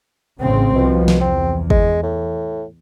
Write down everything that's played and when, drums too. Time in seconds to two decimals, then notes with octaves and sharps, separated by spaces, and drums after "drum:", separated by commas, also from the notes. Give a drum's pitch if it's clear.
0.41 A1 C#3 C4
0.75 C2 B2 F3
1.08 drum: snare
1.21 E2 C4
1.70 G#3, drum: kick
2.03 A2